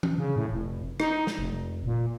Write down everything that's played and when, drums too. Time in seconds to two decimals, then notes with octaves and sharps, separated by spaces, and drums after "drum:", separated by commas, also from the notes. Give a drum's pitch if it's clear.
0.03 drum: tom E3
0.18 C#3
0.36 A2
0.52 F1
1.00 D#4, drum: rim click
1.27 drum: snare
1.39 F1
1.86 A#2